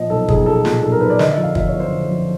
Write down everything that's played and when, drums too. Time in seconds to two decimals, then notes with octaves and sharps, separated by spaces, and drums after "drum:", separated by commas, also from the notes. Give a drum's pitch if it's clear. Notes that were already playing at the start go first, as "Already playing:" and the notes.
Already playing: A#2 F3 D#5
0.10 B1 A4
0.28 B1 G#4, drum: kick
0.46 F3 A4
0.65 A#2, drum: snare
0.83 B1 A4
0.92 A#4
1.01 B1 B4
1.10 D5
1.19 D3 D#5, drum: snare
1.32 E5
1.37 F2
1.43 F5
1.55 F3 E5, drum: kick
1.68 C#5
1.74 F#1
1.80 C5
1.92 D3
2.10 F2